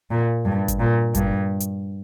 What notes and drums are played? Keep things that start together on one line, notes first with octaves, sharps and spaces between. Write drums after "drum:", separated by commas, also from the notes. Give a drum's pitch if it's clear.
A#2
G2
drum: kick G#1, hi-hat
A#2
G2, drum: kick G#1, hi-hat
drum: hi-hat